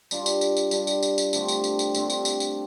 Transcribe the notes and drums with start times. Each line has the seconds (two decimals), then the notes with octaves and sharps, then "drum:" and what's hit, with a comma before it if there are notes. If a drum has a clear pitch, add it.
0.11 G3 D4 F4, drum: tambourine
0.26 drum: tambourine
0.41 drum: tambourine
0.57 drum: tambourine
0.71 G3 D4 F4, drum: tambourine
0.87 drum: tambourine
1.02 drum: tambourine
1.18 drum: tambourine
1.33 D3 A3 C4 G4, drum: tambourine
1.48 drum: tambourine
1.64 drum: tambourine
1.79 drum: tambourine
1.95 D3 A3 C4 G4, drum: tambourine
2.10 drum: tambourine
2.25 drum: tambourine
2.40 drum: tambourine